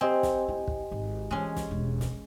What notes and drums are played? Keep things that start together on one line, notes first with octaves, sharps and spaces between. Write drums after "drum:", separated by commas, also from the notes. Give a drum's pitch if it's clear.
C4 G4 D#5 G#5
drum: snare
E4
drum: kick
G#1
E3 G#3 C#4 F4
drum: snare
E1 E2
drum: snare